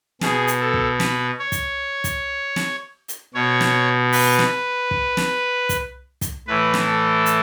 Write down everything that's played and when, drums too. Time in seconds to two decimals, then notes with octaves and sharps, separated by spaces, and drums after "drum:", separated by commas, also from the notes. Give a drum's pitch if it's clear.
0.21 B2 G#4, drum: snare
0.48 drum: hi-hat
0.61 A4
0.74 drum: kick
1.00 B4, drum: snare
1.39 C#5
1.52 drum: kick, hi-hat
2.04 drum: kick, hi-hat
2.56 drum: snare
3.08 drum: hi-hat
3.34 B2 C#5
3.61 drum: snare
4.12 B4, drum: open hi-hat
4.39 drum: snare
4.91 drum: kick
5.17 drum: snare
5.69 drum: kick, hi-hat
6.21 drum: kick, hi-hat
6.47 A2 E3 B4
6.74 drum: snare
6.87 A4
7.26 drum: hi-hat